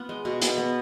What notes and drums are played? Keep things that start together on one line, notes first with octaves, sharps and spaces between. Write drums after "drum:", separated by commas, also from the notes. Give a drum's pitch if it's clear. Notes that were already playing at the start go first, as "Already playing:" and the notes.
Already playing: B3 F4
G#3
B2
B2, drum: hi-hat
B3